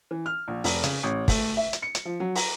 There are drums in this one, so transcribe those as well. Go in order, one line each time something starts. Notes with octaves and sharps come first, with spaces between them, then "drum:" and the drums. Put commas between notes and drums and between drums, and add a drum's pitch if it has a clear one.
E3
F6
A#1
F1, drum: open hi-hat
C#3, drum: hi-hat
A1
A3, drum: kick, open hi-hat
E5
drum: hi-hat
C#7
drum: hi-hat
F3
F#3
A#5, drum: open hi-hat